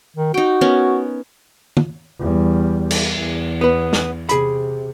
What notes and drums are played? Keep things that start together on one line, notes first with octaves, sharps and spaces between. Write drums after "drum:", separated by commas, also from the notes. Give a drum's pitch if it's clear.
D#3
D#4 F#4 G5
B3 C#4 A#4
drum: tom
E2 G3
drum: cymbal
E2
B3 B4
drum: snare
C3 G#4 B5, drum: hi-hat